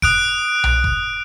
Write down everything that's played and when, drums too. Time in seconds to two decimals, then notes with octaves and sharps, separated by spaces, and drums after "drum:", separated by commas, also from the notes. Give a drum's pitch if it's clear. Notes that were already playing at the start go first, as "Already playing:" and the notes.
0.02 D#6 F#6 D7, drum: kick F1
0.64 drum: tom B1
0.84 drum: kick F1